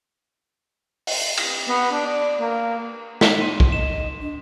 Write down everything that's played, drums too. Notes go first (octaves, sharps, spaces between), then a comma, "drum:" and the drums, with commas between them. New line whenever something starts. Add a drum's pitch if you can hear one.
drum: open hi-hat
drum: cymbal
B3
D4
D5
A#3
D#4 B6, drum: snare
C6 D#7
drum: kick
D#5 E7
D4